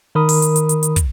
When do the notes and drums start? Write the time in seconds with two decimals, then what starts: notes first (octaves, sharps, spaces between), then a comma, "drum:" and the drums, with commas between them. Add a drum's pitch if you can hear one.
0.15 D#3 A#4 B5 D#6
0.29 drum: open hi-hat
0.42 drum: hi-hat
0.56 drum: hi-hat
0.69 drum: hi-hat
0.83 drum: hi-hat
0.96 drum: kick, hi-hat